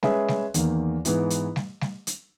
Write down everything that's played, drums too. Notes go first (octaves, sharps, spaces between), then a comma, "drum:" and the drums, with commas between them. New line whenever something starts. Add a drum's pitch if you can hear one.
G#3 C#4 G#4 B4 E5, drum: snare G3
drum: snare G3
E2 D#3 A#3, drum: hi-hat
G#2 E3 B3 E4, drum: hi-hat
drum: hi-hat
drum: snare G3
drum: snare G3
drum: hi-hat